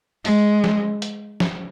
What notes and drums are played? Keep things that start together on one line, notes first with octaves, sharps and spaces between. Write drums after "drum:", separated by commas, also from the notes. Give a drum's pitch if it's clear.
G#3, drum: open hi-hat
drum: snare
drum: hi-hat
drum: snare